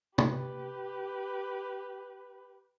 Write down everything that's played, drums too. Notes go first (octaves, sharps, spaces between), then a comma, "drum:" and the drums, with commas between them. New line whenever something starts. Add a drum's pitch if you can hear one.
G4 B4, drum: tom